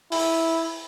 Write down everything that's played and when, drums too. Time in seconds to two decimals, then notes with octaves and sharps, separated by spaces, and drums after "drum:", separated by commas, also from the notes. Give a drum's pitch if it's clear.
0.12 E4, drum: open hi-hat